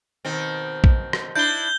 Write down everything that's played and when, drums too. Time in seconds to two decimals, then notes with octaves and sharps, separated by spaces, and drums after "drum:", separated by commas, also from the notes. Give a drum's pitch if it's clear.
0.25 B2 D#3 C4
0.84 drum: kick A#1
1.13 drum: rim click
1.36 D4 E4 G6 G7